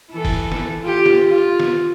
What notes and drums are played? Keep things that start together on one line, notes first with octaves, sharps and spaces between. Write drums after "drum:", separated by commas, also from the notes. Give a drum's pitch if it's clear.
E3 A4
drum: kick, open hi-hat
drum: snare
F4 G4
drum: snare
F4
drum: snare